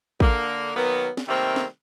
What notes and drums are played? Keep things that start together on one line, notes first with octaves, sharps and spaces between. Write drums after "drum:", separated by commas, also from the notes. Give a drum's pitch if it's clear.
D3 A#3, drum: kick
D#3 F#3 A#3 B3
drum: snare
C3 D#3 G3 A3 A#3 C4
drum: snare